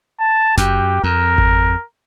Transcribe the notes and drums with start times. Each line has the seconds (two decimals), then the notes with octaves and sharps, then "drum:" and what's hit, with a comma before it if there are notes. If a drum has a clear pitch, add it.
0.20 A5
0.58 F#2 G4, drum: snare F#1
1.04 F2 A#4
1.38 drum: kick G#1